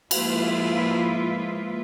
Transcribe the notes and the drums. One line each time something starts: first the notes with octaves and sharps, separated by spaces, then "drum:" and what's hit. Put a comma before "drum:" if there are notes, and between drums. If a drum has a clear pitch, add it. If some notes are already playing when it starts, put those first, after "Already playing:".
F3 G#3 A#3 E4 F4 B4, drum: cymbal